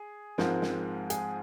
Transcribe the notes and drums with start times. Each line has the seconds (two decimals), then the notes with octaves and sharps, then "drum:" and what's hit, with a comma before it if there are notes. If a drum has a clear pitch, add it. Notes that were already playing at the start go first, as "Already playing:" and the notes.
Already playing: G#4
0.38 G#2 F3 G#3 C4 A#4, drum: snare
0.62 drum: snare
1.10 G#4, drum: hi-hat